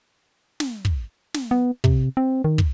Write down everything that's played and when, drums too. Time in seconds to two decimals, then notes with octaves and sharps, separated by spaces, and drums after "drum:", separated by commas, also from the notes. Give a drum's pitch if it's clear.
0.60 drum: snare
0.85 drum: kick
1.34 drum: snare
1.51 B3
1.84 C3, drum: kick
2.17 C4
2.44 D#3
2.58 drum: kick